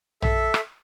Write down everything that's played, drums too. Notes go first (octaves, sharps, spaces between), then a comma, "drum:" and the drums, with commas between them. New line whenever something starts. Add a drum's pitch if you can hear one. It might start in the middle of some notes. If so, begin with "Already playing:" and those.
A4 E5, drum: tom A#1
drum: rim click